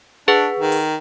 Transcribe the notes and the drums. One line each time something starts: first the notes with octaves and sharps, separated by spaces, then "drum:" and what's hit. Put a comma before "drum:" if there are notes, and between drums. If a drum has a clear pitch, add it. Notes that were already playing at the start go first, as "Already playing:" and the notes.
D4 G#4 B4 F#5
D#3
drum: open hi-hat